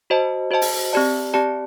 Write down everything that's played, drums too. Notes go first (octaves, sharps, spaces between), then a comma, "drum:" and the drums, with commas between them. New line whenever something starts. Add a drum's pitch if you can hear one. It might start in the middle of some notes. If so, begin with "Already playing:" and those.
F#4 C5 D#5 A5
F#4 C5 D#5 A5
drum: open hi-hat
C4 G4 D5 A5
C4 G4 D5 A5